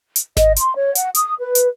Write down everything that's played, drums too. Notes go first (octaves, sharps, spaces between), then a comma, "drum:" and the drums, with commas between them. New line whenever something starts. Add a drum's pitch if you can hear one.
drum: hi-hat
D#5, drum: snare G#1
C6, drum: hi-hat
C#5
F#5, drum: hi-hat
D#6, drum: hi-hat
B4
drum: hi-hat